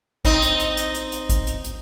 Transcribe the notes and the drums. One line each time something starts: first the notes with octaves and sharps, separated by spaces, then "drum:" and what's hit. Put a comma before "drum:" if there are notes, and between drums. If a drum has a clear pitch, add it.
C4 D#4, drum: kick A1, hi-hat
drum: hi-hat
drum: hi-hat
drum: hi-hat
drum: hi-hat
drum: hi-hat
drum: kick A1, hi-hat
drum: hi-hat
drum: hi-hat